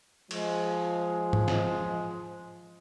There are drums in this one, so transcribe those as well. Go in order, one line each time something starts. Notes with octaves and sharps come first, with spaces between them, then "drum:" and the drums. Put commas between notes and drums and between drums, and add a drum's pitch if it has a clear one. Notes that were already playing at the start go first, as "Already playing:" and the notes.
F3 G#3, drum: cymbal
drum: tom G#2
drum: snare